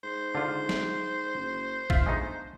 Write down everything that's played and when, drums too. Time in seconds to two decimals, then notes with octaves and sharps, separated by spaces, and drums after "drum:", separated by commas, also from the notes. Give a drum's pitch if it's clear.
0.04 G#2 C5
0.35 D3 F4
0.69 drum: snare
1.35 F#1
1.90 G1 F4 E5 F5, drum: kick A#1
2.06 G#3 A3 D#4